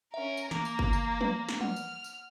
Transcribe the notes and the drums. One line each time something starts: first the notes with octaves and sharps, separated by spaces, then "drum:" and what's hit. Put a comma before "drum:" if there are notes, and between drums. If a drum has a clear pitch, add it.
C#4 A#4 E5
drum: tambourine
E3 A#3, drum: snare
drum: tambourine
drum: kick F#1
drum: tambourine
B4, drum: tom
drum: snare
F#5 F6, drum: tom
drum: tambourine
drum: tambourine